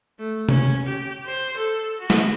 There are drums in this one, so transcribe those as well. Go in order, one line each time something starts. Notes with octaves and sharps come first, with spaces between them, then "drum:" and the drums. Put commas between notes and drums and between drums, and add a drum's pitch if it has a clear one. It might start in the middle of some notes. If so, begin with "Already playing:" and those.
A3
C#4, drum: tom C3
G4
C5
A4
F#4
drum: snare